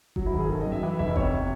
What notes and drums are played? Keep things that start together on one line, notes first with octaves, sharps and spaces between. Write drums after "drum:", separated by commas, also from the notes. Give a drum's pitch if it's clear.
F#3, drum: kick F1
E4
G#1
G#4
D#3 A4
F#2 D#5
E5
E3
F1 E5
C3 C#5, drum: kick F1